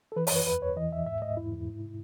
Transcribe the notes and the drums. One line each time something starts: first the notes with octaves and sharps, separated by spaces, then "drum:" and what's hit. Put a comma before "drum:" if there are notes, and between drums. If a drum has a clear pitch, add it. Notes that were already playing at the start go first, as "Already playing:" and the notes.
A4
E3 B4
C#5, drum: open hi-hat
F#2 B4
E2 B4
E2 C#5
E3 D#5
D#2 E5
G#2 E5
G#2 D#5
E2 E4
E2
G#2